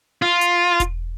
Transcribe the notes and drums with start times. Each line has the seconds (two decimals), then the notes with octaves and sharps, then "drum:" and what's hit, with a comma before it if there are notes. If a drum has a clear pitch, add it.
0.22 F4
0.41 drum: hi-hat
0.80 drum: kick E1, hi-hat